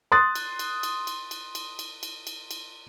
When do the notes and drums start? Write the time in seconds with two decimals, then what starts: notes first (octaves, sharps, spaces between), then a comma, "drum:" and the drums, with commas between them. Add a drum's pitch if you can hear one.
0.12 C6 D#6 F#6 A6
0.35 drum: cymbal
0.59 drum: cymbal
0.83 drum: cymbal
1.07 drum: cymbal
1.31 drum: cymbal
1.55 drum: cymbal
1.79 drum: cymbal
2.03 drum: cymbal
2.27 drum: cymbal
2.51 drum: cymbal